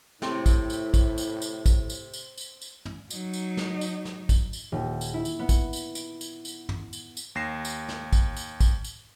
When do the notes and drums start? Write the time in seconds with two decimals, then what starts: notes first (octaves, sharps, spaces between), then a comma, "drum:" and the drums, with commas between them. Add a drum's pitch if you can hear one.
0.22 A2 C3 A3 C4 E4 G4, drum: snare
0.46 drum: kick, tambourine
0.70 drum: tambourine
0.94 drum: kick, tambourine
1.18 drum: tambourine
1.42 drum: tambourine
1.66 drum: kick, tambourine
1.90 drum: tambourine
2.14 drum: tambourine
2.37 drum: tambourine
2.61 drum: tambourine
2.85 drum: tom
3.10 F#3 D#4, drum: tambourine
3.33 drum: tambourine
3.57 drum: snare
3.81 drum: tambourine
4.05 drum: snare
4.29 drum: kick, tambourine
4.53 drum: tambourine
4.72 D#1
5.01 drum: tambourine
5.14 E4
5.25 drum: tambourine
5.39 B3
5.49 drum: kick, tambourine
5.73 drum: tambourine
5.95 D7, drum: tambourine
6.21 drum: tambourine
6.45 drum: tambourine
6.69 drum: tom
6.93 drum: tambourine
7.17 drum: tambourine
7.35 D#2 A#6 C7 E7
7.65 drum: tambourine
7.89 drum: snare
8.13 drum: kick, tambourine
8.37 drum: tambourine
8.60 drum: kick, tambourine
8.84 drum: tambourine